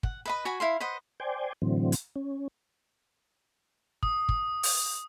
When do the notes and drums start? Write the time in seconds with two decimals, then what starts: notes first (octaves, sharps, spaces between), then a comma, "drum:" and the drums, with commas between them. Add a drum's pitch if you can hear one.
0.03 F#5, drum: kick
0.25 B4 D#5 B5
0.45 F#4 G#5 B5
0.60 E4 F5 C6
0.80 B4 C5 D#5 F#5
1.20 C5 D5 G5 G#5
1.62 A2 D3 E3 F#3 C4
1.92 drum: hi-hat
2.16 C#4
4.03 D#6, drum: kick
4.29 drum: kick
4.63 drum: open hi-hat